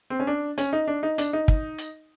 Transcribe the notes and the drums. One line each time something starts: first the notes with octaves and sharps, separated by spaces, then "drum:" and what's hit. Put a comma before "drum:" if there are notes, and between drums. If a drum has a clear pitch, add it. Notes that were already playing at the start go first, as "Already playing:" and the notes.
C4
C#4
D4
C#4, drum: hi-hat
D#4
D4
D#4
D4, drum: hi-hat
D#4
drum: kick
drum: hi-hat